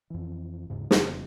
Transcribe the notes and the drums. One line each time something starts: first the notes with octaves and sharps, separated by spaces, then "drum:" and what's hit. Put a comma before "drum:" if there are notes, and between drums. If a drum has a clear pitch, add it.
F2 E3
D#2 G#2 C#3
E1 F2 C#3 B3, drum: snare